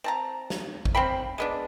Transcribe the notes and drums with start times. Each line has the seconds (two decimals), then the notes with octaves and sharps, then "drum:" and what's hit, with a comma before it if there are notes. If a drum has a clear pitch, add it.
0.04 C4 A5 A#5
0.50 drum: snare
0.85 drum: kick G#1
0.95 C4 F5 G5 B5
1.38 G#3 B3 D4